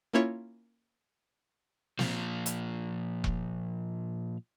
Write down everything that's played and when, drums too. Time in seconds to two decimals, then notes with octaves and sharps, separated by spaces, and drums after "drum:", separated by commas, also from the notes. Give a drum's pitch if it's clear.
0.13 A#3 C#4 E4 F4 C#5
1.99 A#2 F3, drum: snare
2.46 drum: hi-hat
3.24 drum: kick E1